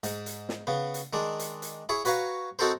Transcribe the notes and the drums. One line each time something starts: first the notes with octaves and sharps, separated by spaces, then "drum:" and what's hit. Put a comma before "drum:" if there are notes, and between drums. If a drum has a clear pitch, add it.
G#2, drum: hi-hat
drum: hi-hat
drum: snare
C#3 B3
drum: hi-hat
D#3 G#3 D4
drum: hi-hat
drum: hi-hat
E4 G#4 C#5
F#4 B4 C#5 F5 A#5, drum: hi-hat
C4 D#4 F#4 A4 A#4 C5